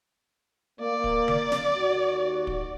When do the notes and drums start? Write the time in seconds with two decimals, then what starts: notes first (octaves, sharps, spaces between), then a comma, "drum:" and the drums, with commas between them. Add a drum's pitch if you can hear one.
0.80 A#3 D5
1.04 drum: kick
1.28 drum: tom D3
1.52 drum: snare
1.76 D#2 F#4
2.47 drum: kick